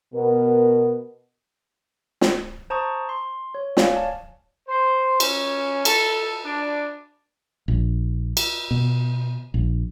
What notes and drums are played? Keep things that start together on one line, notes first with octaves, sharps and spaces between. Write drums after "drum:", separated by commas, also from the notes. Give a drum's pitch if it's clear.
B2 B3 A#4
drum: snare
C5 A5 A#5 C#6 D#6
C6
C#5
C#5 D5 F5 G#5, drum: snare
A5
C5
C#4, drum: cymbal
A4, drum: cymbal
D4
A#1
drum: cymbal
B2
A#1